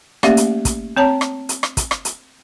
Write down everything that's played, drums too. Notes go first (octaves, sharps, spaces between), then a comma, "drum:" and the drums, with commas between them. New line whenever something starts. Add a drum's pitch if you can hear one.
A3 A#3 C#4 G4 D5 E5, drum: rim click
drum: hi-hat
drum: kick, hi-hat
C4 C#5 A5 A#5
drum: rim click
drum: hi-hat
drum: rim click
drum: kick, hi-hat
drum: rim click
drum: hi-hat